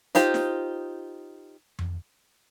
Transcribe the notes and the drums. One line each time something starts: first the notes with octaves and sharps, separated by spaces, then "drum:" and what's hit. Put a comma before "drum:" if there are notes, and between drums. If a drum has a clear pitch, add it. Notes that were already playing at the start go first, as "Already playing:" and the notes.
D#4 F4 G4 C5, drum: hi-hat
drum: snare
drum: tom F2